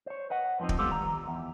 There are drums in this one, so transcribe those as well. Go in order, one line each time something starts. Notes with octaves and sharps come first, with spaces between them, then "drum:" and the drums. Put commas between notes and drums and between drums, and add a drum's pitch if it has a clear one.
C5 C#5
B4 D#5 F#5
F2 F3 B3 C4 D#4
drum: kick
G3 G#3 B3 F4 G4 A4
D#3 A#5
E2